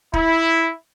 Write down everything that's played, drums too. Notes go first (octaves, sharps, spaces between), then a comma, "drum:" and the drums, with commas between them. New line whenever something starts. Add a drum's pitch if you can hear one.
E4, drum: kick